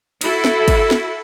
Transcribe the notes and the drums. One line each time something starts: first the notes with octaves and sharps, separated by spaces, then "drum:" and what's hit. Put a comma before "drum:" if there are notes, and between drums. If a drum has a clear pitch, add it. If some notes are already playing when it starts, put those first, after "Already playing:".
E4 F#4 A4, drum: cymbal
drum: snare
drum: kick, cymbal
drum: snare